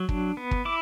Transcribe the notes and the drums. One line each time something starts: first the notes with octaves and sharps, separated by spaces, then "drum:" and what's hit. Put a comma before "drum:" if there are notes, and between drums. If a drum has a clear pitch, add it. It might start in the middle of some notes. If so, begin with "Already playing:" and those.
Already playing: F#3
D4, drum: kick
B3
drum: kick
E4 D6